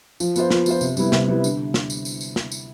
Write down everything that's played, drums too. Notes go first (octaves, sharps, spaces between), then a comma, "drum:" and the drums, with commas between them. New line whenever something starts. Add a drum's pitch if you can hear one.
F3, drum: tambourine
B3 F4 C5, drum: tambourine
F3, drum: snare
B3 F4 C5, drum: tambourine
C3, drum: tambourine
G3 B3 E4, drum: tambourine
C3, drum: snare
G3 B3 E4
D3, drum: tambourine
drum: snare
drum: tambourine
drum: tambourine
drum: tambourine
drum: snare
drum: tambourine